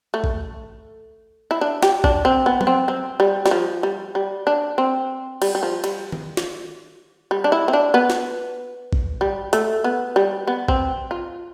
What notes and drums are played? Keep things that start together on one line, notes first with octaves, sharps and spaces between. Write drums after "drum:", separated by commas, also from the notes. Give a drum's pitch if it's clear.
A3
drum: kick
E4
D4
G4, drum: snare
D4, drum: kick
C4
B3
B3, drum: tom F#3
C4
C4
G3
G3, drum: snare
F3
G3
G3
D4
C4
G3, drum: cymbal
G3
F3
G3, drum: cymbal
drum: tom D#3
drum: snare
G3
D4
E4
C4
D4
B3
drum: snare
drum: kick
G3
A3, drum: hi-hat
B3
G3
B3
C4, drum: kick
F4